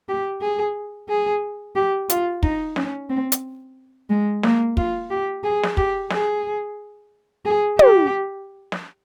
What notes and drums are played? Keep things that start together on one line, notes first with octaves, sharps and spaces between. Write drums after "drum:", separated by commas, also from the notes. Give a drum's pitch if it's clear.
G4
G#4
G#4
G4
F4, drum: hi-hat
D#4, drum: kick
C#4, drum: snare
C4
drum: hi-hat
G#3
A#3, drum: snare
F4, drum: kick
G4
G#4
drum: snare
G4, drum: kick
G#4, drum: snare
G#4
G4, drum: tom
drum: snare